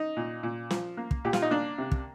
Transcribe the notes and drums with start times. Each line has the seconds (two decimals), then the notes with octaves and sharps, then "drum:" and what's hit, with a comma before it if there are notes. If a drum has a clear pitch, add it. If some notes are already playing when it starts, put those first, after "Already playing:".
Already playing: D#4
0.17 A#2
0.43 A#2
0.70 F3, drum: snare
0.97 A#3
1.11 drum: kick
1.25 A#2 G4
1.33 F4, drum: snare
1.42 D#4
1.51 A#3 D4
1.78 C3
1.91 drum: kick